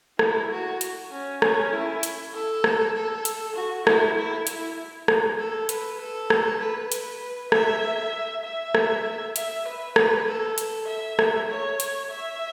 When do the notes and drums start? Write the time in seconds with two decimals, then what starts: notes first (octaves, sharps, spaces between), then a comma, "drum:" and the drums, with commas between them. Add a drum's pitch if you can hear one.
0.19 E4, drum: rim click
0.51 F#4
0.81 drum: hi-hat
1.11 C#4
1.42 C#4, drum: rim click
1.73 E4
2.03 drum: hi-hat
2.34 A4
2.64 drum: rim click
2.95 A4
3.25 drum: hi-hat
3.55 F#4
3.87 E4, drum: rim click
4.16 E4
4.47 E4, drum: hi-hat
5.08 drum: rim click
5.38 A4
5.69 B4, drum: hi-hat
6.00 A4
6.30 drum: rim click
6.60 B4
6.92 B4, drum: hi-hat
7.52 E5, drum: rim click
8.44 E5
8.75 drum: rim click
9.36 E5, drum: hi-hat
9.66 B4
9.96 B4, drum: rim click
10.27 A4
10.58 drum: hi-hat
10.88 E5
11.19 drum: rim click
11.49 C#5
11.80 drum: hi-hat
12.11 E5